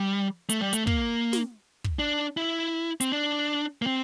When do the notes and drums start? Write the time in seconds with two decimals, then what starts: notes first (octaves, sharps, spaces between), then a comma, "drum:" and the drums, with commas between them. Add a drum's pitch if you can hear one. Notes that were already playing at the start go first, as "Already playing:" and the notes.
Already playing: G3
0.50 A3, drum: hi-hat
0.61 G3
0.73 A3, drum: hi-hat
0.87 A#3, drum: kick
1.33 drum: snare
1.84 drum: kick
1.99 D4
2.37 E4
3.01 C4, drum: hi-hat
3.12 D4
3.82 A#3
3.86 C4